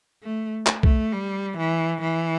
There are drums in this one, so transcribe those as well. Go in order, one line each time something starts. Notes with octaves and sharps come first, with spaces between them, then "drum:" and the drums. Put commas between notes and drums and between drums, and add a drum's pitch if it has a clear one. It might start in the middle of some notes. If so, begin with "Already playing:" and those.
A3
drum: clap
A3, drum: kick
G3
E3
E3